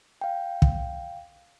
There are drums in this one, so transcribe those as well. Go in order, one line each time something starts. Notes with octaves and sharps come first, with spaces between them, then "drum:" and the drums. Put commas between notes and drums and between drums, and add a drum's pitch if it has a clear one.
F5 G5
drum: kick